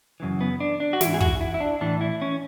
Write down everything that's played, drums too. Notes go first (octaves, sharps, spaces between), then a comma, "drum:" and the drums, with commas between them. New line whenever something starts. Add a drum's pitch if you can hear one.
F#2 C#3 E3
B3
D4
D4
F#4
G#2 E3 E4, drum: snare
G#4
F#4, drum: kick
E4
E4
D4
A2 E3 D4
E4
C#4